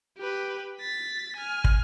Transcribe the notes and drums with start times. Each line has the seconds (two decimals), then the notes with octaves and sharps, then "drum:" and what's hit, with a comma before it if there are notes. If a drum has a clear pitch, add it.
0.18 G4 B4
0.80 A6 B6
1.37 G#5 F6
1.64 drum: kick